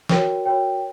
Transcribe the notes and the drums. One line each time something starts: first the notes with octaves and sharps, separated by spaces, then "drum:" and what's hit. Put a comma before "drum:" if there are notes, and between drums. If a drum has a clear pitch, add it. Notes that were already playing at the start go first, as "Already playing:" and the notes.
F#4 A#4 C#5 G5, drum: snare
F#4 A#4 C#5 G5